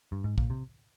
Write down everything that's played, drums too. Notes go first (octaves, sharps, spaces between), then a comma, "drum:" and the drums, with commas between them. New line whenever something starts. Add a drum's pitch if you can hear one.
G2
G#2
A#2, drum: kick
C3